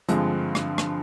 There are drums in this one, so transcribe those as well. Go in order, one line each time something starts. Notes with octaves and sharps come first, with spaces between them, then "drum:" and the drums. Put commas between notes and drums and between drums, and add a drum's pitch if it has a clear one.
G2 D3 F3 G#3 C4, drum: hi-hat
drum: rim click
drum: rim click